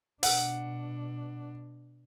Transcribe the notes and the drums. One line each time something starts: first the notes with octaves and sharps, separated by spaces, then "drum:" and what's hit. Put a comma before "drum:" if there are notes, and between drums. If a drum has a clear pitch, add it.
B2 D4 F#5, drum: open hi-hat